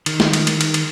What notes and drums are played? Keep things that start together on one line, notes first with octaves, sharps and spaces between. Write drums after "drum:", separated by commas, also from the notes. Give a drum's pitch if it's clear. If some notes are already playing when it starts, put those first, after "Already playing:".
D#3, drum: cymbal
drum: snare
drum: cymbal
drum: cymbal
drum: cymbal
drum: cymbal